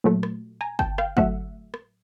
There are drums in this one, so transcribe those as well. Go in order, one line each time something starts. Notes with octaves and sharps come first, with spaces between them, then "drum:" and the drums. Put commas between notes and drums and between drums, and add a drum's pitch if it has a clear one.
A#2 F#3 A3
drum: rim click
G#5 A#5
G5 A5, drum: kick G1
F5 G5, drum: rim click
A2 F#3 A3 E5 F#5, drum: kick G1
drum: rim click